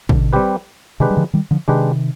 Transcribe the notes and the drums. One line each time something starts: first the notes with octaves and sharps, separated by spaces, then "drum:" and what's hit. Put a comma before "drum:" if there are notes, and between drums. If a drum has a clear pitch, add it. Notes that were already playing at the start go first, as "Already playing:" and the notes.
B2 D3, drum: kick
G3 C4 G4 B4
C3 D#3 G#3 D4 G4 B4
G3
D3 F3
D#3 G3
D3 F3
C3 D#3 G#3 D4 G4 B4